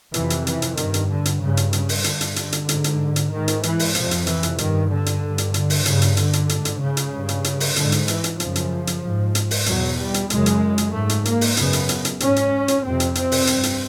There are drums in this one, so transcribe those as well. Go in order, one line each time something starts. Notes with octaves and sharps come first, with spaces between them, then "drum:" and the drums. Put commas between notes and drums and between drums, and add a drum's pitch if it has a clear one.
F2 C3 E3, drum: hi-hat
drum: hi-hat
E3, drum: hi-hat
drum: hi-hat
G2 D#3, drum: hi-hat
drum: hi-hat
D3
drum: hi-hat
G2 C#3
drum: hi-hat
C#3, drum: hi-hat
drum: open hi-hat
G2 D3, drum: hi-hat
drum: hi-hat
D3, drum: hi-hat
drum: hi-hat
G#2, drum: hi-hat
drum: hi-hat
drum: hi-hat
G#2 D#3
drum: hi-hat
E3, drum: hi-hat
drum: open hi-hat
F2 C3 F3, drum: hi-hat
drum: hi-hat
E3, drum: hi-hat
drum: hi-hat
G2 D#3, drum: hi-hat
D3
drum: hi-hat
G2
drum: hi-hat
D3, drum: hi-hat
drum: open hi-hat
G2 C#3, drum: hi-hat
drum: hi-hat
D3, drum: hi-hat
drum: hi-hat
G#2, drum: hi-hat
drum: hi-hat
C#3
drum: hi-hat
G2
drum: hi-hat
drum: hi-hat
drum: open hi-hat
G#2 D3, drum: hi-hat
drum: hi-hat
E3, drum: hi-hat
drum: hi-hat
F#2 C#3 F3, drum: hi-hat
drum: hi-hat
drum: hi-hat
G#2
drum: hi-hat
drum: open hi-hat
E2 B2 F#3, drum: hi-hat
G3
drum: hi-hat
F#2 C#3 G#3, drum: hi-hat
drum: hi-hat
drum: hi-hat
G#2 A3
drum: hi-hat
A#3, drum: hi-hat
drum: open hi-hat
F#2 C#3 B3, drum: hi-hat
drum: hi-hat
drum: hi-hat
drum: hi-hat
G#2 C#4, drum: hi-hat
drum: hi-hat
drum: hi-hat
F2 C3 C4
drum: hi-hat
C4, drum: hi-hat
drum: open hi-hat
G2, drum: hi-hat
drum: hi-hat